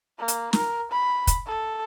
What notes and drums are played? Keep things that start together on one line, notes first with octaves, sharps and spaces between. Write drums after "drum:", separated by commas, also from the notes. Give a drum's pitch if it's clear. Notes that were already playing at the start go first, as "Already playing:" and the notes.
A#3
drum: hi-hat
A#4, drum: snare
B5
drum: kick, hi-hat
A4